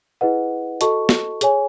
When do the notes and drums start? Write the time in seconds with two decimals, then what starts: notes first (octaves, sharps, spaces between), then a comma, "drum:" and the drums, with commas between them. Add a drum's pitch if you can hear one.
0.21 E4 G#4 B4 D#5 F#5
0.81 F#4 A4 D#5 A5 C#6, drum: hi-hat
1.09 drum: snare
1.41 G#4 C#5 G#5, drum: hi-hat